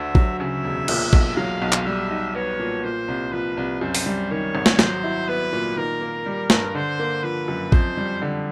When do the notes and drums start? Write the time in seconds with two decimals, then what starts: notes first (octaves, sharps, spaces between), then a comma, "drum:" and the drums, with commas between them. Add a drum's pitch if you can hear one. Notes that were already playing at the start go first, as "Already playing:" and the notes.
Already playing: D2 D3 E5
0.15 F#3, drum: kick A1
0.39 C#3 E5
0.64 E1
0.88 A#2, drum: cymbal
1.13 B1, drum: kick A1
1.37 F#3 F5
1.62 B1
1.72 drum: clap
1.86 G3 E5
2.11 D#4
2.35 B3 C#5
2.59 A#2
2.84 A#2 C5
3.08 C2
3.32 F3 B4
3.57 C2
3.81 F#2 C5
3.95 drum: open hi-hat
4.06 G3
4.31 D#3 C#5
4.55 G#1
4.66 drum: snare
4.79 F#3 C5, drum: snare
5.04 E4
5.28 B3 B4
5.52 A#2
5.77 D#3 A#4
6.01 A#3
6.26 G3
6.50 G2, drum: snare
6.75 D3 C5
6.99 A#3
7.23 F3 B4
7.48 F#2
7.72 F2 C5, drum: kick A1
7.97 G3
8.22 D3